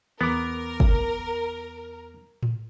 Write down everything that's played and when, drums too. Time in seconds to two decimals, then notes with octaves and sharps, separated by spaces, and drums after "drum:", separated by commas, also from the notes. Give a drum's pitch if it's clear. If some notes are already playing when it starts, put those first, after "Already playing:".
0.21 E2 B3 A#4 D6
0.80 drum: kick
2.43 drum: tom A2